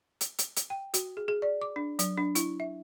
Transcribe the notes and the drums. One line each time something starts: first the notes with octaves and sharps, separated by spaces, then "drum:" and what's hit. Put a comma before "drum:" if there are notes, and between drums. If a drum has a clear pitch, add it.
drum: hi-hat
drum: hi-hat
drum: hi-hat
G5
F#4, drum: hi-hat
G#4
G#4
D5
D6
D4
F#3, drum: hi-hat
D4
E4, drum: hi-hat
E5